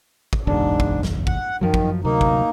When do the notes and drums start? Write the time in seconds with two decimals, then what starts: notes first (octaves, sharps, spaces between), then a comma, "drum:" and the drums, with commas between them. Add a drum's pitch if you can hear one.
0.33 drum: kick
0.47 F#1 B1 E2 G#2 D4
0.80 drum: kick
1.03 drum: snare
1.27 F#5, drum: kick
1.61 F#2 D#3 F3 F#3
1.74 drum: kick
2.04 D2 C3 F#3 A#3 D#4
2.21 drum: kick